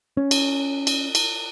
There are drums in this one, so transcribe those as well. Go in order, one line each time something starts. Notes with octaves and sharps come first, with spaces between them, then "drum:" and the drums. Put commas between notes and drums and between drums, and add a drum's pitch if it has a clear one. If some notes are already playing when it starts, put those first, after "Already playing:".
C#4
drum: cymbal
drum: cymbal
drum: cymbal